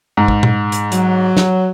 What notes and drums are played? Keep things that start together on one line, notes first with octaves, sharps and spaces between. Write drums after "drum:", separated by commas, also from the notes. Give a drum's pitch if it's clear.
G#2
drum: kick
drum: tom A#2
drum: hi-hat
F#3, drum: hi-hat
drum: snare